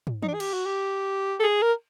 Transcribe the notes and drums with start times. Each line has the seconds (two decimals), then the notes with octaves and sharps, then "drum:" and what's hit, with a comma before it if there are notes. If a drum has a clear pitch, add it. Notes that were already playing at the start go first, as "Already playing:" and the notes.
0.07 drum: tom
0.23 D#4, drum: tom
0.28 D4
0.34 G#4
0.40 G4, drum: cymbal
0.53 F#4
0.66 G4
1.40 A4
1.43 G#4
1.62 A#4